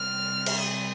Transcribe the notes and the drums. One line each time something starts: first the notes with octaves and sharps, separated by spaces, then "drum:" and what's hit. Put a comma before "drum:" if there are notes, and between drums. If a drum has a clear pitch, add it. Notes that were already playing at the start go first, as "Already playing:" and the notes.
Already playing: C3 G3 C4 F6
drum: cymbal
D#6